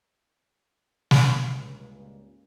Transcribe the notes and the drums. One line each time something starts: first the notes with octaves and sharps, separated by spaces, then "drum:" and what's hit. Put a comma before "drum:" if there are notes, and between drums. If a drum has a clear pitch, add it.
drum: snare
C#2 G2 A#2